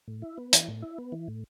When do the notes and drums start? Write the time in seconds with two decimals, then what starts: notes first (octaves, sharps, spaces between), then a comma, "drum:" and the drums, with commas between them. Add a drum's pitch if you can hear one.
0.08 A2
0.22 E4
0.38 B3
0.53 E3, drum: hi-hat
0.68 A2
0.82 E4
0.98 B3
1.12 E3
1.28 A2